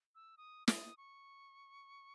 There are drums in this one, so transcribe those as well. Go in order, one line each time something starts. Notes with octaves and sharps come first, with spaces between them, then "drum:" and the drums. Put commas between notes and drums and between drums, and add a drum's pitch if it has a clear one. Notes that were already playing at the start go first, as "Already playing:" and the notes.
E6
D#6
D#6, drum: snare
C#6